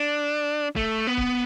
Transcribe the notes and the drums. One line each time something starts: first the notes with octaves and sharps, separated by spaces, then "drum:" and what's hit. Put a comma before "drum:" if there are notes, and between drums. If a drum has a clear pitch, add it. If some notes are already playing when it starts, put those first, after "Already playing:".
Already playing: D4
A3, drum: kick C#1
B3
drum: kick C#1